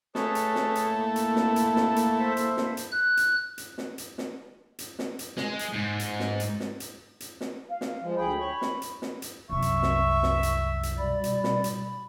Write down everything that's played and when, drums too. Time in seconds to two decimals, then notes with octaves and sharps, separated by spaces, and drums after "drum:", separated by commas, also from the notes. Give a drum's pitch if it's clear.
0.15 A3 G#4 B4 C#5, drum: snare
0.35 drum: hi-hat
0.55 drum: snare
0.75 drum: hi-hat
0.86 A#3 E4 A5
1.16 drum: hi-hat
1.36 drum: snare
1.56 drum: hi-hat
1.76 drum: snare
1.96 drum: hi-hat
2.19 A4 C5 E5
2.37 drum: hi-hat
2.57 drum: snare
2.77 drum: hi-hat
2.92 F#6
3.17 drum: hi-hat
3.58 drum: hi-hat
3.78 drum: snare
3.98 drum: hi-hat
4.18 drum: snare
4.79 drum: hi-hat
4.99 drum: snare
5.19 drum: hi-hat
5.37 G#3, drum: snare
5.59 drum: hi-hat
5.73 G#2
5.99 drum: hi-hat
6.20 drum: snare
6.40 drum: hi-hat
6.60 drum: snare
6.80 drum: hi-hat
7.20 drum: hi-hat
7.41 drum: snare
7.69 F5
7.81 drum: snare
8.01 F3 G#3
8.16 D2 G#4 G5 B5
8.38 C#5
8.62 drum: snare
8.82 drum: hi-hat
9.02 drum: snare
9.22 drum: hi-hat
9.50 C2 F#2 E5 C#6
9.62 drum: hi-hat
9.82 drum: snare
10.23 drum: snare
10.43 drum: hi-hat
10.83 drum: hi-hat
10.98 B2 G3 D5 B5
11.24 drum: hi-hat
11.44 drum: snare
11.64 drum: hi-hat